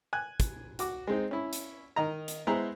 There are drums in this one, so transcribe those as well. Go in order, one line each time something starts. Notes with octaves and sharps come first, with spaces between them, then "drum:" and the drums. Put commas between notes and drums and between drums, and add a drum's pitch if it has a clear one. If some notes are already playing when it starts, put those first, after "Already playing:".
G#5 F#6
drum: kick, hi-hat
F#4 D6, drum: hi-hat
G#3 C4 D#4
C#4 E4
drum: hi-hat
D#3 D#5 A#5
drum: hi-hat
G#3 B3 E4 G#4 C5 A#5